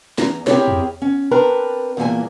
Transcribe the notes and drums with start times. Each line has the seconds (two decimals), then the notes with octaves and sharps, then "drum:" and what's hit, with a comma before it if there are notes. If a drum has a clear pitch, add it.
0.18 E2 A#5, drum: snare
0.47 C4 E4 G4 G#4 A#4 C#5, drum: snare
0.68 drum: tom E2
1.02 C#4
1.31 C4 D4 A#4 B4 A#5
1.97 E2 G2 A#2 E3 A#3 G#5